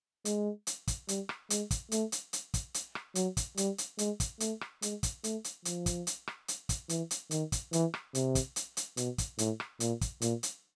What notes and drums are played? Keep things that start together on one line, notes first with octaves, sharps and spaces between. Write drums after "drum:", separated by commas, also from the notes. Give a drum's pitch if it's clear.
G#3, drum: hi-hat
drum: hi-hat
drum: kick, hi-hat
G3, drum: hi-hat
drum: rim click
G#3, drum: hi-hat
drum: kick, hi-hat
A3, drum: hi-hat
drum: hi-hat
drum: hi-hat
drum: kick, hi-hat
drum: hi-hat
drum: rim click
F#3, drum: hi-hat
drum: kick, hi-hat
G3, drum: hi-hat
drum: hi-hat
G#3, drum: hi-hat
drum: kick, hi-hat
A3, drum: hi-hat
drum: rim click
G#3, drum: hi-hat
drum: kick, hi-hat
A3, drum: hi-hat
drum: hi-hat
F3, drum: hi-hat
drum: kick, hi-hat
drum: hi-hat
drum: rim click
drum: hi-hat
drum: kick, hi-hat
E3, drum: hi-hat
drum: hi-hat
D#3, drum: hi-hat
drum: kick, hi-hat
E3, drum: hi-hat
drum: rim click
C3, drum: hi-hat
drum: kick, hi-hat
drum: hi-hat
drum: hi-hat
B2, drum: hi-hat
drum: kick, hi-hat
A2, drum: hi-hat
drum: rim click
A#2, drum: hi-hat
drum: kick, hi-hat
A#2, drum: hi-hat
drum: hi-hat